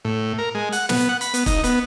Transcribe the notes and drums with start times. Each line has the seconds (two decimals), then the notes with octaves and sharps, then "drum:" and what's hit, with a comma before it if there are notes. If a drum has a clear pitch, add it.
0.05 A2
0.38 A#4
0.55 G#3
0.72 F#5, drum: hi-hat
0.89 B3, drum: snare
1.09 F#5
1.21 B5, drum: hi-hat
1.34 B3, drum: hi-hat
1.46 D#4, drum: kick, hi-hat
1.64 B3, drum: hi-hat